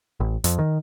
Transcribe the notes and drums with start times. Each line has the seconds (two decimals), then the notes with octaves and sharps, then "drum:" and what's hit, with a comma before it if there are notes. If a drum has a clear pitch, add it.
0.20 A1
0.44 F2, drum: hi-hat
0.59 D#3